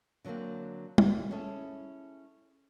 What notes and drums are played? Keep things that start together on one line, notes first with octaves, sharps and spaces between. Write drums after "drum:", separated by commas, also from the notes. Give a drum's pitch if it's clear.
D3 F#3 G#3 A#3 C4
C3, drum: tom
C#4 E4 G#4 A4